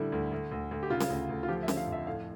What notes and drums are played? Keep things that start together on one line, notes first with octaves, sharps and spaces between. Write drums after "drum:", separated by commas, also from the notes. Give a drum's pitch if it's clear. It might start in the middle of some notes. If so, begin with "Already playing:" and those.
Already playing: A2 D3 G3 E4
D2
D2
D2
D2
G4
C#3 F4
drum: snare C#4
D2
D2
F4
F3 G4
E5
D3, drum: snare C#4
F5
F2 E5
A2 F5